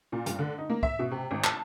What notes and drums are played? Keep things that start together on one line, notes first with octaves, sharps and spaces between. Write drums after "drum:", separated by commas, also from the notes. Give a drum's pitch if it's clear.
A#2
G2, drum: hi-hat
D3
D#4
A#3
E5, drum: kick
B2
C3
G#1
A5, drum: clap